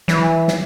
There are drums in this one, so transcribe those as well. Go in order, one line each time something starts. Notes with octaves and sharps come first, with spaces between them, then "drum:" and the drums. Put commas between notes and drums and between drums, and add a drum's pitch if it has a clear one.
E3, drum: snare
drum: snare